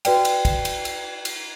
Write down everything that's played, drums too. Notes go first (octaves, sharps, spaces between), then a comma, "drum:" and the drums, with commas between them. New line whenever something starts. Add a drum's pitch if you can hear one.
F#4 B4 D5 G5, drum: cymbal
drum: cymbal
drum: kick, cymbal
drum: cymbal
drum: cymbal
drum: cymbal